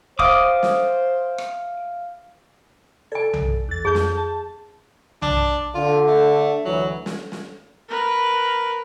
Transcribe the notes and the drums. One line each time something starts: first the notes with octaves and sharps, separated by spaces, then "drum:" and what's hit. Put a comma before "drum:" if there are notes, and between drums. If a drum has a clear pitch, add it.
C5 E5 F5 D6 D#6 F6, drum: kick
drum: snare
drum: rim click
A4 D5 G#5
drum: tom B1
E2 A6
F2 G#4 A5 G6
drum: snare
A5
D4, drum: tom B1
D3 F4
A3
D2 E3 F#3
drum: snare
drum: snare
A#4 B4